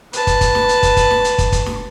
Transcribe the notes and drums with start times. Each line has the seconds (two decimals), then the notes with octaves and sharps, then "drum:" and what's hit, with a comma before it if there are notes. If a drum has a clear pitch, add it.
0.13 B4 A5, drum: hi-hat
0.27 drum: kick, hi-hat
0.41 drum: kick, hi-hat
0.55 drum: snare
0.69 drum: hi-hat
0.83 drum: kick, hi-hat
0.97 drum: kick, hi-hat
1.11 drum: snare
1.25 drum: hi-hat
1.38 drum: kick, hi-hat
1.52 drum: kick, hi-hat
1.66 drum: snare